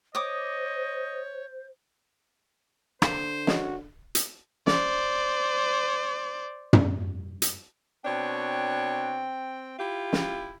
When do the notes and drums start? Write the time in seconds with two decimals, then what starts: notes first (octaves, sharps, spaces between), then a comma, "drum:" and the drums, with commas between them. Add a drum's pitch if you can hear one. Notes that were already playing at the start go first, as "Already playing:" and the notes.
0.15 C5 C#5 D#5 D6 D#6
3.02 D3 A#3 C5, drum: rim click
3.47 C#4 F#4 C#5 D#5, drum: snare
4.15 drum: hi-hat
4.67 C5 D5, drum: snare
6.73 drum: tom
7.42 drum: hi-hat
8.04 B2 C4 D4 C#5 G5
9.79 E4 F4 G4
10.13 drum: snare